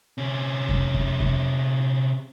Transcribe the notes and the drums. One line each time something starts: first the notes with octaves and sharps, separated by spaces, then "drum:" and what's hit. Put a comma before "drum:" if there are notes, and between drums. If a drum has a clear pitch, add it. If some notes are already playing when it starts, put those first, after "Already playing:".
C3 C#4
drum: kick F2
drum: kick F2
drum: kick F2